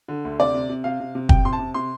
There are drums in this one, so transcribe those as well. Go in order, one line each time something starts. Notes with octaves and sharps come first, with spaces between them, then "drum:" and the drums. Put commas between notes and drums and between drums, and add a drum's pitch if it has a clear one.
D3
D2
C3 D5
C3
C3
C3 F5
C3
C3
C3 G5, drum: kick
C3 C6
A5
C3
C3 C6